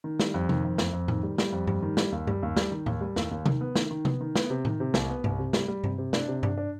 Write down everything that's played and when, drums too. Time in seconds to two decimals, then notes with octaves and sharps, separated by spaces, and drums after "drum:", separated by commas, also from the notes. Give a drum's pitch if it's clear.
0.04 D#3
0.19 G3, drum: snare
0.34 F2
0.49 D#3, drum: tom C3
0.64 F2
0.78 F2, drum: snare
0.93 F2
1.08 D#3, drum: tom A2
1.23 G3
1.38 G3, drum: snare
1.52 F2
1.67 G3, drum: tom G2
1.82 D#3
1.97 G3, drum: snare
2.12 D#2
2.27 G3, drum: tom G2
2.43 D#2
2.57 G3, drum: snare
2.71 D#3
2.86 D#2, drum: tom A2
3.01 G3
3.16 D#2, drum: snare
3.31 D#2
3.46 D#3, drum: tom C3
3.61 B3
3.76 D#3, drum: snare
3.91 D#3
4.05 B3, drum: tom C3
4.21 D#3
4.36 B3, drum: snare
4.50 C3
4.65 D#3, drum: tom A2
4.80 C3
4.94 C2, drum: snare
5.09 B3
5.24 C2, drum: tom G2
5.39 C3
5.53 G3, drum: snare
5.68 G3
5.84 C3, drum: tom G2
5.98 C3
6.13 D4, drum: snare
6.28 C3
6.43 D4, drum: tom G2
6.58 D4